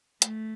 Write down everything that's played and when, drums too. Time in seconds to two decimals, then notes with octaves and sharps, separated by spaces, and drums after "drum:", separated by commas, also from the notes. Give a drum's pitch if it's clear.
0.22 A3, drum: hi-hat